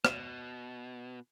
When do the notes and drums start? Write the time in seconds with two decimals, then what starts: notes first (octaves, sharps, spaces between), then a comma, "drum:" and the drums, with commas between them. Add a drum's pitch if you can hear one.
0.05 B2, drum: rim click